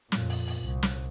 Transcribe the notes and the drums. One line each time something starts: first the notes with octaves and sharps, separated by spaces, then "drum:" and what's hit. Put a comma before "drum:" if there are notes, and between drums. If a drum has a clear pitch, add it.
F2 A#2, drum: snare
drum: open hi-hat
drum: open hi-hat
C2
drum: snare